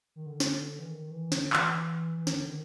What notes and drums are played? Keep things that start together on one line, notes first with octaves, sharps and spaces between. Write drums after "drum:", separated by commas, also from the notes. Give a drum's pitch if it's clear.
D#3
D3
drum: snare
E3
D#3
E3
D3, drum: snare
E3, drum: clap
E3
D#3, drum: snare
D3
D#3